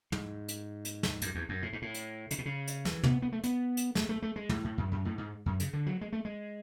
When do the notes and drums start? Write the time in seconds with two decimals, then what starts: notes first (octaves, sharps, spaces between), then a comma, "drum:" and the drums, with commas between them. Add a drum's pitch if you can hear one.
0.12 G#2, drum: tom
0.48 drum: hi-hat
0.85 drum: hi-hat
1.03 drum: snare
1.22 F#2, drum: hi-hat
1.35 E2
1.49 F#2
1.62 A2
1.73 G#2
1.82 A2
1.94 drum: hi-hat
2.31 C#3, drum: hi-hat
2.38 B2
2.45 C#3
2.68 drum: hi-hat
2.85 E3, drum: snare
3.03 B3, drum: tom
3.22 B3
3.32 A3
3.44 B3, drum: hi-hat
3.77 drum: hi-hat
3.95 A3, drum: snare
4.09 A3
4.22 A3
4.36 G#3
4.49 A2, drum: tom
4.64 A2
4.78 F#2
4.92 F#2
5.05 A2
5.18 G#2
5.46 F#2
5.60 C#3, drum: hi-hat
5.73 D3
5.86 F#3
6.01 G#3
6.13 A3
6.25 G#3